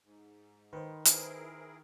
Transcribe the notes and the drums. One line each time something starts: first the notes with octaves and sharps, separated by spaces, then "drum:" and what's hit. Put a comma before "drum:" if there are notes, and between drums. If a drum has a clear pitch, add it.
G#2
D#3 B4 C5
E4 G#4 A#4, drum: hi-hat